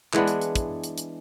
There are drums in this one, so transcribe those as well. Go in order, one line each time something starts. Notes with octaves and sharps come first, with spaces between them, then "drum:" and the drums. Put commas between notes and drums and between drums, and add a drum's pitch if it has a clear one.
E3 G#3 B3 D4, drum: clap
drum: hi-hat
drum: hi-hat
drum: kick, hi-hat
drum: hi-hat
drum: hi-hat